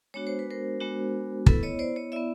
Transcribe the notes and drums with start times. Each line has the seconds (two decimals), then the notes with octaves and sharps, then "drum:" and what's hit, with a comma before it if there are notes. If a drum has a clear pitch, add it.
0.14 G#3 B3 D4 F#4 C#5
0.27 C5
0.39 B4
0.51 A#4 C5
0.80 G#3 B3 D4 F#4
1.46 B3 E4 A4 B4, drum: kick
1.63 C#5 D#5
1.79 C5 D5
1.96 C#5 D#5
2.12 B3 E4 D5 E5